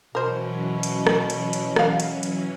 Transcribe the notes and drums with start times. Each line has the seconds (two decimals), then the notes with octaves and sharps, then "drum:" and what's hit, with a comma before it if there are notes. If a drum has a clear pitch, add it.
0.15 B2 E3 F#3 C#4 A#4 C5
0.83 drum: hi-hat
1.07 drum: rim click
1.30 drum: hi-hat
1.53 drum: hi-hat
1.76 F#4 F5, drum: rim click
2.00 drum: hi-hat
2.23 drum: hi-hat